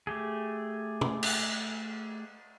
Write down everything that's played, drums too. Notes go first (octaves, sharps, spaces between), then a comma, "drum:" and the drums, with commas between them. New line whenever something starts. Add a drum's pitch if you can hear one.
A3 G4 G#4
drum: tom
drum: cymbal